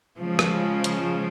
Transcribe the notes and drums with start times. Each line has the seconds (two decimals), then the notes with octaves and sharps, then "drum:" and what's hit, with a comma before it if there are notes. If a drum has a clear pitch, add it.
0.17 C#3 F3 G#3
0.39 drum: rim click
0.84 drum: hi-hat